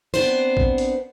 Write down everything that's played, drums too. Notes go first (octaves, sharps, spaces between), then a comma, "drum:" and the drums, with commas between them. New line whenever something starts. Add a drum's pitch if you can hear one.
B3 C4 D4 C5
drum: kick A1
drum: hi-hat